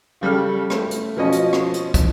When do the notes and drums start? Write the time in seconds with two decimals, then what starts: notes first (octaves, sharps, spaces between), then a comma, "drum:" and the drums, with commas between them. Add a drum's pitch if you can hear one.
0.21 C#3 G3 A4 F6
0.70 A3, drum: rim click
0.91 drum: hi-hat
1.16 B2 F3 C#4 D#5
1.32 drum: hi-hat
1.53 drum: rim click
1.74 drum: hi-hat
1.94 drum: kick, hi-hat